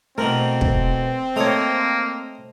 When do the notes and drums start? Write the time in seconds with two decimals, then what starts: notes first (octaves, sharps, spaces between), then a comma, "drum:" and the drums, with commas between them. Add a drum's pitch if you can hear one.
0.18 B2 E3 A3 C4 A#4
0.61 drum: kick
1.36 A3 A#3 C5 C#5 D#5 A#5